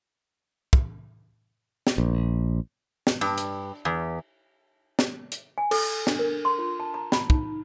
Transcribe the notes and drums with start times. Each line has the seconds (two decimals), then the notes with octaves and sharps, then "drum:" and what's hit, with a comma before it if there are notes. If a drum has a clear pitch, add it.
0.73 drum: kick
1.87 drum: snare
1.98 A#1
3.07 drum: snare
3.21 G2, drum: cymbal
3.38 drum: hi-hat
3.85 E2
4.99 drum: snare
5.32 drum: hi-hat
5.58 G#5
5.71 A4, drum: cymbal
6.07 D4, drum: snare
6.19 A#4
6.45 C6
6.59 F4
6.80 A5
6.94 A#5
7.12 B5, drum: snare
7.30 D#4, drum: kick